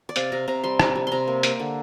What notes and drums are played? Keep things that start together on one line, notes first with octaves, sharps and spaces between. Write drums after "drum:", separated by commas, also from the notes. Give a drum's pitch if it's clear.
D5
C3 F5, drum: hi-hat
C3 A#5
C3 A#5
G3 C6
C3 A#5, drum: rim click
G3
C3 A#5 C6
A#3
A#3, drum: hi-hat
D3